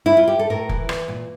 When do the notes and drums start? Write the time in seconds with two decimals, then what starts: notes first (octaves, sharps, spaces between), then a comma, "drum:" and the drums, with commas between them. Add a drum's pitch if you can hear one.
0.06 E4
0.17 F4
0.28 G4
0.39 A4
0.50 A2 A#4
0.69 E3, drum: kick
0.89 E3, drum: rim click
1.08 A#2